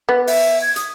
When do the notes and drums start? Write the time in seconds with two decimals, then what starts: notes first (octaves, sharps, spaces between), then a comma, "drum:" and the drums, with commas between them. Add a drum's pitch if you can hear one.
0.09 B3
0.27 E5, drum: open hi-hat
0.62 G#6
0.76 D#6, drum: hi-hat